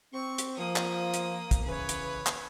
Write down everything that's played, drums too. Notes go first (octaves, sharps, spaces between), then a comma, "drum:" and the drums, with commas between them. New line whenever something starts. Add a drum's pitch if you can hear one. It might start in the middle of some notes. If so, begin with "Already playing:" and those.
C4 C#6
drum: hi-hat
F3 A#3 D#6
drum: clap
drum: hi-hat
drum: kick, hi-hat
C#3 E3 B4 C#5
drum: hi-hat
drum: clap